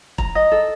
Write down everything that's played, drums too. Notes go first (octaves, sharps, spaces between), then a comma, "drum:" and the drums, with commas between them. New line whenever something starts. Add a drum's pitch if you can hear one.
A#5, drum: kick E1
D#5
A4